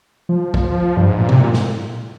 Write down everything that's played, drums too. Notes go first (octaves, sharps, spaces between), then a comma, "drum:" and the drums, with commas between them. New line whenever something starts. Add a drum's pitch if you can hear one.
F3
drum: kick
G2
G#2
A#2
C3, drum: tom G2
A#2
drum: snare